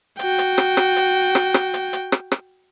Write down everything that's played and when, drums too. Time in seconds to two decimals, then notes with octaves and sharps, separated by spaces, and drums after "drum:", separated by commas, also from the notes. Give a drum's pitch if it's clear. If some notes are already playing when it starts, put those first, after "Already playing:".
0.19 F#4 G5, drum: hi-hat
0.38 drum: hi-hat
0.58 drum: rim click
0.77 drum: rim click
0.96 drum: hi-hat
1.35 drum: rim click
1.54 drum: rim click
1.74 drum: hi-hat
1.93 drum: hi-hat
2.12 drum: rim click
2.32 drum: rim click